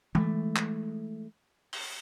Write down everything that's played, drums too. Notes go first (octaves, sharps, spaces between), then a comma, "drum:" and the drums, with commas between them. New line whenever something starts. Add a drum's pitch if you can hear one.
E3 G#3 A3, drum: tom
drum: clap
drum: open hi-hat